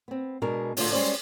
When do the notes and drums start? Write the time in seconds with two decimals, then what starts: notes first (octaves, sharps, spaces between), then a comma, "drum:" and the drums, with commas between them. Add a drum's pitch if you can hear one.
0.08 B3 C4
0.42 B2 G#3 D4 A#4
0.77 A2 D3 F4, drum: open hi-hat
0.92 G3 G#3 C#4 F#4 C5 D5